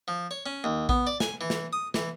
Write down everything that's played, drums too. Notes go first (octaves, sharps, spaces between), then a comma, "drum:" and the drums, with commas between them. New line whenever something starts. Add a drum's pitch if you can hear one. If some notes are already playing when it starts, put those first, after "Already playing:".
F3
C#5
C#4
D#2
B3, drum: kick A#1
D5
G#5, drum: snare
E3
drum: snare
D#6
E3, drum: snare